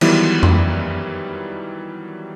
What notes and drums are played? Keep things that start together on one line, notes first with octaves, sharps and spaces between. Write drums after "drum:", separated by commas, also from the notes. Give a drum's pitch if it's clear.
D#3 E3 F#3 G3 B3 E4, drum: cymbal
drum: tom F2